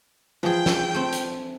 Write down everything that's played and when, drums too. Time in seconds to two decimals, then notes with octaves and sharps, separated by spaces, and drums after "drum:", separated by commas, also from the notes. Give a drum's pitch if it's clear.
0.43 E3 F3 G#4 G5
0.66 drum: snare
0.94 A3 C4
1.12 drum: hi-hat